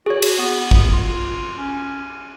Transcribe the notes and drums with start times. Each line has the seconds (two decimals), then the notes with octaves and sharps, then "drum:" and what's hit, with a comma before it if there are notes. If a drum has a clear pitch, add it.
0.06 F#4 G#4 C#5
0.22 drum: cymbal
0.39 B3
0.71 drum: kick A1
0.93 F4
1.58 C#4